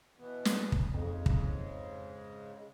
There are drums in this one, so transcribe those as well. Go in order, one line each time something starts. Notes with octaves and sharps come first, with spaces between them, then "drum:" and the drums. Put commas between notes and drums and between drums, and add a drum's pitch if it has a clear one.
B2 E3 B3
drum: snare
drum: kick
F2 G#2 C#3 G#3
drum: kick